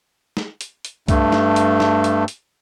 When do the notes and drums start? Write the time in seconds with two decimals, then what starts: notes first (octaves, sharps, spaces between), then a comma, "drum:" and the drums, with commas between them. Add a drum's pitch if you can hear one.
0.37 drum: snare
0.61 drum: hi-hat
0.85 drum: hi-hat
1.08 G2 A3, drum: kick, hi-hat
1.32 drum: snare
1.56 drum: hi-hat
1.80 drum: snare
2.04 drum: hi-hat
2.28 drum: hi-hat